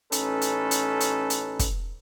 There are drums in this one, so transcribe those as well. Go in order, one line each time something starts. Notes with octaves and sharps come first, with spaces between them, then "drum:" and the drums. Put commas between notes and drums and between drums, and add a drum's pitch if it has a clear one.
A1 C#4 D#4 A4 B4, drum: hi-hat
drum: hi-hat
drum: hi-hat
drum: hi-hat
drum: hi-hat
drum: kick, hi-hat